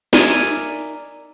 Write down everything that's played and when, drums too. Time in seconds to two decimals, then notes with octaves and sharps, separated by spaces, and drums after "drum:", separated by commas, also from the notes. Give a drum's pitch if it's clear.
0.13 D#4 A#4 D5 E5 G#5, drum: snare